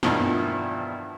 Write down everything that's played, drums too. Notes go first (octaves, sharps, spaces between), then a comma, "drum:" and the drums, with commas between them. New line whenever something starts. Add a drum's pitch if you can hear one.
E2 G2 B2 D#3 F3, drum: snare